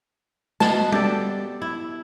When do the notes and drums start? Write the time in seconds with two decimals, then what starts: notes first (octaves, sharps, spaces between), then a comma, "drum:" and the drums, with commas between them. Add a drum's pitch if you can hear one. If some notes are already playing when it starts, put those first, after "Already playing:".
0.60 G#3 B3 F#4 A5, drum: snare
0.92 G4 A4 D5, drum: tom
1.62 E4